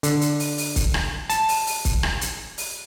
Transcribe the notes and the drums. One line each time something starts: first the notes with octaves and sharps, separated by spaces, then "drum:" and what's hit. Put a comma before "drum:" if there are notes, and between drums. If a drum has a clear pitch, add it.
D3, drum: hi-hat
drum: hi-hat
drum: open hi-hat
drum: open hi-hat
drum: kick, hi-hat
drum: rim click
A5, drum: hi-hat
drum: open hi-hat
drum: open hi-hat
drum: kick, hi-hat
drum: rim click
drum: hi-hat
drum: open hi-hat